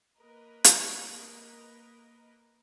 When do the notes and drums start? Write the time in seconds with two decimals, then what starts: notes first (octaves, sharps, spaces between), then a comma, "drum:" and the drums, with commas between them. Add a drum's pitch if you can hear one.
0.19 A#3 A#4 B4 D#5
0.64 drum: hi-hat